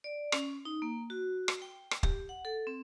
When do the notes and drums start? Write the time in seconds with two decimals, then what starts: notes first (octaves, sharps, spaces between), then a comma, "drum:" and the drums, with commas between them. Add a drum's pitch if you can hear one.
0.04 D5
0.32 C#4, drum: rim click
0.65 D#4
0.82 A#3
1.10 F#4
1.48 drum: rim click
1.62 G5
1.91 drum: rim click
2.03 G4, drum: kick
2.29 F#5
2.45 A4
2.67 C4